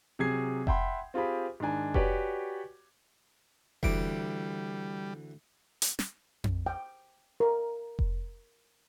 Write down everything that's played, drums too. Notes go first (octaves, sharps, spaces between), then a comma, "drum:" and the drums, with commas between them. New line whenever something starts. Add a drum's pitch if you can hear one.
C3 F#3 G#4 G#6 C7
E5 F#5 G5 B5 C6, drum: kick F1
C4 F4 G4 G#4 B5
G#2 D#3 D4 G#5
F#4 G4 B4 C#5 D5 G#5, drum: kick F1
D2 E3 G3 D6, drum: kick F1
drum: hi-hat
drum: snare
drum: tom F2
G5
A#4
drum: kick F1